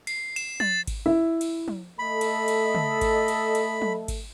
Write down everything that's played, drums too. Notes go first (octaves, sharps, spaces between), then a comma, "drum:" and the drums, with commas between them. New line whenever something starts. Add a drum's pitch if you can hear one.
C7, drum: cymbal
E7, drum: cymbal
A6, drum: tom
drum: kick G#1, cymbal
E4
drum: cymbal
drum: tom
A3 A4 D#5 B5
drum: cymbal
drum: cymbal
drum: tom
drum: kick G#1, cymbal
drum: cymbal
drum: cymbal
drum: tom
drum: kick G#1, cymbal